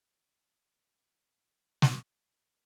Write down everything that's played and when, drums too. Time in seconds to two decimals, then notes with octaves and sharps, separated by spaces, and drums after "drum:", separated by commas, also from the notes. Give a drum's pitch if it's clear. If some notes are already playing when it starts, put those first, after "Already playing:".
0.30 G5 A5 F6 F#6
1.82 drum: snare